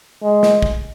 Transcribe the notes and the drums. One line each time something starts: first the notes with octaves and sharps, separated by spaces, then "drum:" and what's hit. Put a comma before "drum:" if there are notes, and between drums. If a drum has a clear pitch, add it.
G#3
drum: snare
drum: kick